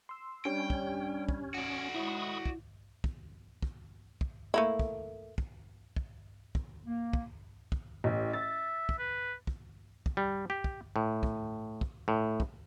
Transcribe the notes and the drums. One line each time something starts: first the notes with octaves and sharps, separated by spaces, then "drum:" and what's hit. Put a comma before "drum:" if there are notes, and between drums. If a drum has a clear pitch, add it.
C6 E6
G3 C#4 D4 G4 C#5 G5
drum: kick
drum: kick
F#4 D5
A2 G#3 E4 B5 C#6 D#6
drum: kick
drum: kick
drum: kick
drum: kick
A3 A#3 E4
drum: kick
drum: kick
drum: kick
drum: kick
A#3
drum: kick
drum: kick
A1
E5 A6
drum: kick
B4
drum: kick
drum: kick
G3
G4
drum: kick
A2
drum: kick
drum: kick
A2
drum: kick